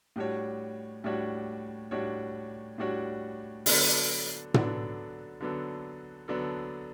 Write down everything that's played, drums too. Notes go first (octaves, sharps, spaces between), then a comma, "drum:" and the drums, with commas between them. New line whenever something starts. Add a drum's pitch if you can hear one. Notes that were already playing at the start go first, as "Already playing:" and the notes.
A2 G3 D4 F#4 C#5
A2 G3 D4 F#4 C#5
A2 G3 D4 F#4 C#5
A2 G3 D4 F#4 C#5
D3 F#3 B3 D4 A4, drum: open hi-hat
D3 F#3 B3 D4 A4, drum: tom
D3 F#3 B3 D4 A4
D3 F#3 B3 D4 A4